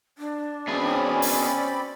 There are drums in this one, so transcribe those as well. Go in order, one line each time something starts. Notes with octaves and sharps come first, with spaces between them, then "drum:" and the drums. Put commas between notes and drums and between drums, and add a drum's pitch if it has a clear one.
D4
B2 C4 C#4 G#4 D5 B5
drum: open hi-hat